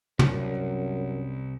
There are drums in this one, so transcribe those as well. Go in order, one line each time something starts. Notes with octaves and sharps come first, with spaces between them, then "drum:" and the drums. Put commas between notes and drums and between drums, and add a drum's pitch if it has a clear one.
C2 F#2, drum: tom